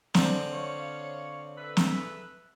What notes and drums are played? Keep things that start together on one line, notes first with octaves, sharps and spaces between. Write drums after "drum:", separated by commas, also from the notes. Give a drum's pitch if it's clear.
D3 C4, drum: snare
C#5 F5
A4 B4 E5
drum: snare